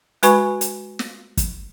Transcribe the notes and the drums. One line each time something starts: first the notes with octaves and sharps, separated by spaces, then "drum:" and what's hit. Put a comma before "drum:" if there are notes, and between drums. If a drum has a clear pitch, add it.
G#3 F#4 B4 G#5 B5 C#6, drum: hi-hat
drum: hi-hat
drum: snare
drum: kick, hi-hat